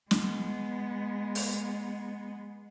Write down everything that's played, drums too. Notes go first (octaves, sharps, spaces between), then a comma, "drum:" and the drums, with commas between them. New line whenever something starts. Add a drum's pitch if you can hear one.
G#3 B3, drum: snare
drum: open hi-hat